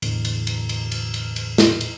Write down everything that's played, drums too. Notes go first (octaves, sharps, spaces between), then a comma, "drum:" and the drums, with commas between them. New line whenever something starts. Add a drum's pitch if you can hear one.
E2 A2 D3 E3, drum: cymbal
drum: cymbal
drum: cymbal
drum: cymbal
drum: cymbal
drum: cymbal
drum: cymbal
drum: snare
drum: cymbal